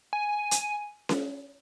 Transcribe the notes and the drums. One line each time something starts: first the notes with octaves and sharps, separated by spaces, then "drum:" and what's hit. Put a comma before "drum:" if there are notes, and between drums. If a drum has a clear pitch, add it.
G#5
drum: hi-hat
drum: snare C#4